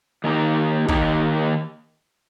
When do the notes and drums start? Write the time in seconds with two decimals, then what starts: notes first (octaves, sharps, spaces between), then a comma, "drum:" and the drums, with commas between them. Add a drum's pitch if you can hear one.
0.24 D#3 A#3 D#4 G4
0.88 D#3 A#3 D#4 G4, drum: kick